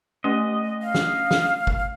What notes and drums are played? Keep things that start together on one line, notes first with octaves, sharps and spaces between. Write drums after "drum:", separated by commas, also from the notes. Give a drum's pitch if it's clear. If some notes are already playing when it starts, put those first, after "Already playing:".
A3 C#4 D#5
F5
drum: snare
drum: snare
drum: kick